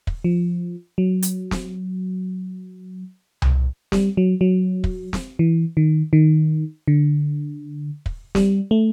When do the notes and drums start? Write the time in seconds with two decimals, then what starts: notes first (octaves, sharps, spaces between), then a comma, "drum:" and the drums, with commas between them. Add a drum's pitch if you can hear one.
0.07 drum: kick
0.24 F3
0.98 F#3
1.22 drum: hi-hat
1.51 drum: snare
3.42 drum: tom C2
3.92 G3, drum: snare
4.17 F#3
4.41 F#3
4.84 drum: kick
5.13 drum: snare
5.39 E3
5.77 D#3
6.13 D#3
6.88 D3
8.06 drum: kick
8.35 G3, drum: snare
8.71 A3